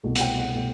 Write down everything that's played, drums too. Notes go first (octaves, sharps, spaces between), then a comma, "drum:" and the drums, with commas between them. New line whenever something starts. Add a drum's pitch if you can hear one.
C2 B2 A3
F#5, drum: hi-hat
G5
F#5
B2 A3